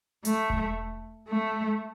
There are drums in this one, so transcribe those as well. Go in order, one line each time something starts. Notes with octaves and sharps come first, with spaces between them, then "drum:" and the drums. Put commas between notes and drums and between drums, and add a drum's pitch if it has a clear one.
A3, drum: hi-hat
drum: kick E1
A3